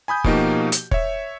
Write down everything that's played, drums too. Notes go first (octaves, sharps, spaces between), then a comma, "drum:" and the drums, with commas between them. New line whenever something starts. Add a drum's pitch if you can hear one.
G#5 B5 D#6 G6
B2 F3 A#3 D#4 F#4 G4, drum: kick
drum: hi-hat
C#5 E5, drum: kick